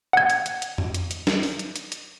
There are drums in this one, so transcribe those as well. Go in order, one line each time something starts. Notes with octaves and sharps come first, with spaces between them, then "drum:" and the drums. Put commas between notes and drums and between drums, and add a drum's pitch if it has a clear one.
F#5 G#6
drum: hi-hat
drum: hi-hat
drum: hi-hat
drum: tom F2
drum: hi-hat
drum: hi-hat
drum: snare
drum: open hi-hat
drum: hi-hat
drum: hi-hat
drum: hi-hat